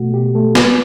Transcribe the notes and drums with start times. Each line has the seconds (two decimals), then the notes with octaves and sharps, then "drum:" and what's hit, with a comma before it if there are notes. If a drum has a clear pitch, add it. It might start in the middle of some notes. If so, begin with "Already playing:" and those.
Already playing: B2 A3 F#4
0.14 B2 G4
0.35 A3 A4
0.55 B3 B4, drum: snare